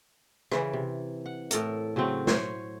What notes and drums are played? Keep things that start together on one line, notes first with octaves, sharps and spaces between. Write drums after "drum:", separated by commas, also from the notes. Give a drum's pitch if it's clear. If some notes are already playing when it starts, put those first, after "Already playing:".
C#3 E3 D5, drum: rim click
C3
F#5
A2 A4 A#4, drum: hi-hat
C#3 F#3 A3 C4
C5 C#5, drum: snare